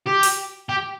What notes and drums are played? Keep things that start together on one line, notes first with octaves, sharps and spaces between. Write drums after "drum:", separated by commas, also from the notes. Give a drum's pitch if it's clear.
G4
drum: open hi-hat
G4